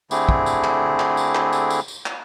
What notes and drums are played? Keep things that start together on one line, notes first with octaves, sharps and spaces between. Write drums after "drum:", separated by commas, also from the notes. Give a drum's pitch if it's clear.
D3 A3 C4 E4 G4 G#4, drum: tambourine
drum: kick
drum: tambourine
drum: clap
drum: clap
drum: tambourine
drum: clap
drum: tambourine
drum: tambourine
drum: tambourine
drum: clap